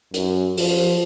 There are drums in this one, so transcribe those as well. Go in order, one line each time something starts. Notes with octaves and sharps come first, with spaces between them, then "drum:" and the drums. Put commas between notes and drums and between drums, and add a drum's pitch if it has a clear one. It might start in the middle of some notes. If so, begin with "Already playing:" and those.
F#2, drum: hi-hat
F3, drum: open hi-hat